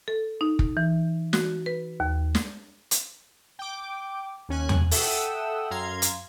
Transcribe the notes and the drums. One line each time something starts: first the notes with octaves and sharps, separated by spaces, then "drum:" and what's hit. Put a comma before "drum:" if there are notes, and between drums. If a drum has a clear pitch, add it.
A4
D#4
drum: kick
E3
F#4, drum: snare
B4
D#2
drum: snare
drum: hi-hat
G5 D6
D#2 C#4 G#5 F#6
drum: tom E2
A4 E5 F#5 G5 D#6 E6, drum: open hi-hat
F#2 F5 A#5 C6 G#6
drum: hi-hat